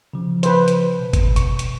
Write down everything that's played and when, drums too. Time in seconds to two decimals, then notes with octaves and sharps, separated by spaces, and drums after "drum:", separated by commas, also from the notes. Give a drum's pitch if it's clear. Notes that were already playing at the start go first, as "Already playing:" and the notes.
0.13 C#3 F3
0.43 B4 C5, drum: hi-hat
0.68 drum: hi-hat
0.99 B2
1.13 drum: kick F#1, hi-hat
1.36 C#6, drum: hi-hat
1.59 drum: hi-hat